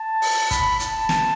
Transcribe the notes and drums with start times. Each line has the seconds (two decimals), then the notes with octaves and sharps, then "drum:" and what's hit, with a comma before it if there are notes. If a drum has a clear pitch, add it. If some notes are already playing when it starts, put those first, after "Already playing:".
Already playing: A5
0.22 drum: open hi-hat
0.51 B5, drum: kick, hi-hat
0.79 A5, drum: hi-hat
1.09 drum: snare